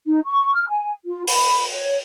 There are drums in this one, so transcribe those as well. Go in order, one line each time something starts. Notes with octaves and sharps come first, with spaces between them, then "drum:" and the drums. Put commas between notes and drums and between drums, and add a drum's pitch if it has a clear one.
D#4
C#6
F6
G#5
F4
B5, drum: open hi-hat
C#5